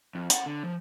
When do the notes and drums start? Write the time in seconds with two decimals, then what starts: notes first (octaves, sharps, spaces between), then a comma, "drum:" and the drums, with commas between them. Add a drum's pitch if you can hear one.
0.15 F2
0.30 C#4 F#5, drum: hi-hat
0.46 D3
0.63 F3